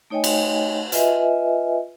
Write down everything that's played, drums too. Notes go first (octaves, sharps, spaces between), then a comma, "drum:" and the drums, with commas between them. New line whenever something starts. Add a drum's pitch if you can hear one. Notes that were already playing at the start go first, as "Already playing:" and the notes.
A3 D#4 C#5 D#5 G5 G#5
drum: cymbal
F4 B4 D#5 E5 G#5, drum: hi-hat